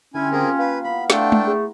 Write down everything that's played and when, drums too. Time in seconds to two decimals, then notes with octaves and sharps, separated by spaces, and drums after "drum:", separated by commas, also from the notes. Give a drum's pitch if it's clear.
0.14 D3 G3 C#4 E4 G#5 C6
0.32 A#3 C4 F4 G4 G#4 A#4
0.59 B4 F5
0.84 B3 E4 B5
1.10 A3 D4 A4 F#5 G5 A#5 C6, drum: snare
1.32 drum: tom G#3
1.47 G#4